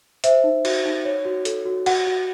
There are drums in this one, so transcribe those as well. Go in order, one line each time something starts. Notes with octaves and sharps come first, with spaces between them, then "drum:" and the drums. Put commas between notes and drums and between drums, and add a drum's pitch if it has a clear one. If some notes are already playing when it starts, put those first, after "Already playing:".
C5 E5, drum: hi-hat
D#4
F#4, drum: cymbal
D#4
C#5
F#4
A4, drum: hi-hat
F#4
F#4 F#5, drum: cymbal
F#4